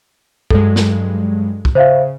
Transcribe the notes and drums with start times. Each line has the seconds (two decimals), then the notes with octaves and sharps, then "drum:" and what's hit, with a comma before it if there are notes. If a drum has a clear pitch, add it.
0.50 G2 F#3 G#3 A4, drum: kick
0.76 drum: snare
1.65 drum: kick
1.75 C#3 C5 E5 F5